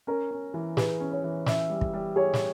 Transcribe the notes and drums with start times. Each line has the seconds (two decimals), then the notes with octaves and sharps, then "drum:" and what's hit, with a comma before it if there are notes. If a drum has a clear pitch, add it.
0.07 C#4 A#4
0.31 C#4
0.54 E3
0.77 G#4 B4, drum: snare
1.00 C#4
1.12 C#5
1.24 E3
1.46 C#4 E5, drum: snare
1.70 G3
1.81 drum: kick
1.93 G3
2.16 G#4 C#5
2.33 drum: snare